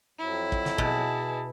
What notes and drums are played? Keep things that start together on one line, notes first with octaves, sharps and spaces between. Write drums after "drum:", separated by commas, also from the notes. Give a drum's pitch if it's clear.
F2 F#3 E4
drum: kick
drum: snare
B2 G#4 A5, drum: kick